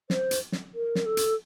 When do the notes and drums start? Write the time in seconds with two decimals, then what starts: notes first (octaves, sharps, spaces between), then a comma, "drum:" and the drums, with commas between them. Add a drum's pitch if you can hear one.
0.10 C5, drum: snare
0.31 drum: hi-hat
0.52 drum: snare
0.74 A#4
0.95 drum: snare
1.06 A4
1.17 drum: hi-hat